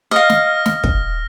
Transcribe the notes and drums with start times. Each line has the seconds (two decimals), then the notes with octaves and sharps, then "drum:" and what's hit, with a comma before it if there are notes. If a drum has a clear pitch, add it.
0.11 D#5 F5 F6 A#6
0.29 drum: snare
0.66 drum: snare
0.84 drum: kick